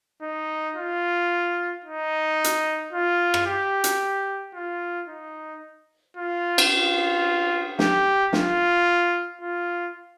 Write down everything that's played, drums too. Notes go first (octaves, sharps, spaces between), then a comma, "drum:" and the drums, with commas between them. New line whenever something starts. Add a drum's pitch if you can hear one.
D#4
F4
D#4
drum: hi-hat
F4
drum: rim click
G4
drum: hi-hat
F4
D#4
F4
drum: cymbal
F4
G4, drum: snare
F4, drum: snare
F4